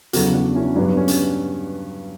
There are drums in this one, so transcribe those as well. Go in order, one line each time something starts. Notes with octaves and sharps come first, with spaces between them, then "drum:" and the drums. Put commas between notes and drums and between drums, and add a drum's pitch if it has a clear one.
E2 C#3 F#3 F#4 A4, drum: hi-hat
D4 F#4
C#4 E4
G2 F#3 B3 D4
C#4
drum: hi-hat